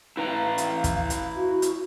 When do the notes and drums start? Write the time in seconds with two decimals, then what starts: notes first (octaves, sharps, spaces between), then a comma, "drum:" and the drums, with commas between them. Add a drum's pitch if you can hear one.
0.17 E4 B4 F5 A#5
0.58 drum: hi-hat
0.84 drum: kick, hi-hat
1.10 drum: hi-hat
1.36 F#4
1.62 drum: hi-hat